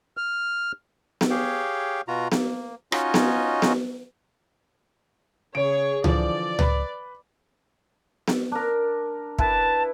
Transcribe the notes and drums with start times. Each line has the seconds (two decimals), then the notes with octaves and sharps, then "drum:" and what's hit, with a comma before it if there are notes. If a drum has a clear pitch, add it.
0.17 F6
1.21 drum: snare B3
1.30 G4 G#4 C#5 F5 G5
2.08 B2 F4 F#4 A#5
2.32 A#3, drum: snare B3
2.92 C#4 D#4 F4 F#4 C#5 D#5, drum: rim click
3.14 drum: snare B3
3.62 drum: snare B3
5.55 C#3 G#4 C#5 D7
6.04 D3 E3 F3 D5, drum: tom C#2
6.59 B4 B5, drum: tom C#2
8.28 drum: snare B3
8.52 D4 A#4
9.39 E4 B4 A5, drum: kick